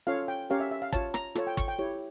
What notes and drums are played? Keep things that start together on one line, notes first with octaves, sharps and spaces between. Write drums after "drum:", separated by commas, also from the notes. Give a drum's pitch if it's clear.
C#4 F4 A4 C#5 F5
G5
C#4 G4 A#4 C#5 F5
E5
E5
F5
F4 C#5 A5, drum: kick
A#5, drum: rim click
F4 A4 C#5 A5, drum: rim click
G5
C#6, drum: kick
G5
E4 G4 C#5